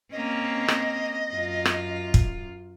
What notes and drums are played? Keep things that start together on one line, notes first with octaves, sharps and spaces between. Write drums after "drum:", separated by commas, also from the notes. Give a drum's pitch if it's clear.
A#3 C4 C#4 D#5
drum: rim click
F#2 F4
drum: rim click
drum: kick